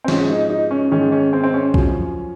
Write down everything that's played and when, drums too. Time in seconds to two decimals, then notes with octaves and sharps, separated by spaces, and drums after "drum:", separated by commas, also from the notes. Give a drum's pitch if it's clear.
0.04 C4
0.08 G#2 F3 C#4, drum: snare
0.30 D#4
0.50 D#4
0.71 C#4
0.91 G#2 D#3 C#4
1.12 C#4
1.33 C4
1.44 C4
1.54 C#4
1.74 F#2 F3, drum: kick